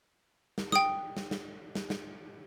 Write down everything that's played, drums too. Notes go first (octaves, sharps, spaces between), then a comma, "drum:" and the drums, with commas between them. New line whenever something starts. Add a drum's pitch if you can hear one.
drum: snare
G5 D#6, drum: snare
drum: snare
drum: snare
drum: snare
drum: snare